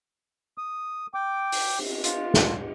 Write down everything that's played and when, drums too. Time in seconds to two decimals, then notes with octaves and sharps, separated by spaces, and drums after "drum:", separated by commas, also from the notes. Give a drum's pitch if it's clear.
0.58 D#6
1.14 G5 D6
1.52 drum: open hi-hat
1.78 drum: cymbal
2.04 F4, drum: hi-hat
2.34 drum: snare